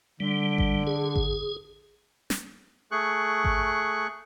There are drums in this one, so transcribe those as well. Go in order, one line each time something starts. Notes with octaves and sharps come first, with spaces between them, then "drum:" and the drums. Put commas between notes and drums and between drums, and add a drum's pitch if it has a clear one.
D3 G3
drum: kick G#1
G#4
drum: kick G#1
drum: snare
A3 G#4 C#6 F#6
drum: kick G#1